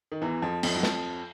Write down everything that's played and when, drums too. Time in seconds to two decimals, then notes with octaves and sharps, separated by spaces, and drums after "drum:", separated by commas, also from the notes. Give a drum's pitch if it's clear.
0.12 D#3
0.22 E2 E3
0.42 F2 F3
0.63 F2 F3, drum: cymbal
0.76 F#3
0.83 F2 F3, drum: snare